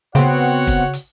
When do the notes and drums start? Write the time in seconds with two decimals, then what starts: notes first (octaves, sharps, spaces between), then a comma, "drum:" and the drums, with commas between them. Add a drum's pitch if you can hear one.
0.15 C#3 B3 C4 F#4 C#5 F#5, drum: hi-hat
0.67 drum: kick, hi-hat
0.93 drum: hi-hat